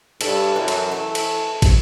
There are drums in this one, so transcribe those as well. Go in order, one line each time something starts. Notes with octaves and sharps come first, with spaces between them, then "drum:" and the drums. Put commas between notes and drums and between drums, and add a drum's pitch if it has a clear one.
G2 A4, drum: cymbal
F#2 E3
drum: cymbal
A3
drum: cymbal
drum: kick, cymbal